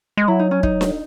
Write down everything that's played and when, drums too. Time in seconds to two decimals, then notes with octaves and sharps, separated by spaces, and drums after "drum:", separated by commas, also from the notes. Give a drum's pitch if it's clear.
0.17 G#3
0.28 F#3 E4
0.39 D#4
0.51 C#4
0.63 D#4, drum: kick
0.81 drum: snare D4